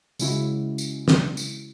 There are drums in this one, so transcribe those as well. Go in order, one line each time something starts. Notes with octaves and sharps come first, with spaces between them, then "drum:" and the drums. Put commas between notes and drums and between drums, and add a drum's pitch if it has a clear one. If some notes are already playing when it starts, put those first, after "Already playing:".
C#3 G#3 C#4 E4 F#4, drum: tambourine
drum: tambourine
drum: snare
drum: tambourine